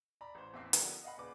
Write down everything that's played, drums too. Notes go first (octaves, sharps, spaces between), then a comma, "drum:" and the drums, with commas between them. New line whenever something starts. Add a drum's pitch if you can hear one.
D5 A#5 B5
A1 C5
A1 E2 C4 E5 D6 C7
D3 D#3 F3 G3 B3, drum: hi-hat
D#5 F5 F#5 B5
A#2 C#3 B4 D5 D6